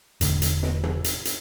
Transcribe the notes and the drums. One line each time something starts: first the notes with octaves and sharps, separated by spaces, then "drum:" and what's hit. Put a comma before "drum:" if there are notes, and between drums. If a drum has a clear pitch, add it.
E1 A2 D3, drum: hi-hat
drum: hi-hat
drum: snare
drum: tom
drum: hi-hat
drum: hi-hat